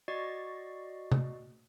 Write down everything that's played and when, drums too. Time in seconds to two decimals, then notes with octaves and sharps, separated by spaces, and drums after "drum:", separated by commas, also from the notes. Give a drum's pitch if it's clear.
0.08 F#4 D5 D#5 C#6 A6 C7
1.12 drum: tom C3